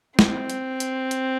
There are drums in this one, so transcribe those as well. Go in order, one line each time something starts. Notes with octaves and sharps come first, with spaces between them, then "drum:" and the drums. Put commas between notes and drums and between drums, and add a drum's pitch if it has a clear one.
C4, drum: snare
drum: hi-hat
drum: hi-hat
drum: hi-hat